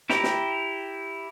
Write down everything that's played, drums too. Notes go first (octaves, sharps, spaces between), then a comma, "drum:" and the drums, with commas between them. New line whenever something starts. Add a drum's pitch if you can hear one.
E4 G4 G5 A#5, drum: snare
drum: snare